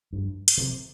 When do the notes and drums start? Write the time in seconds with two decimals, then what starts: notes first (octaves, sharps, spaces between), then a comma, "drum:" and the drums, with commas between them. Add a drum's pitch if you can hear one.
0.13 G2
0.48 drum: hi-hat
0.58 C3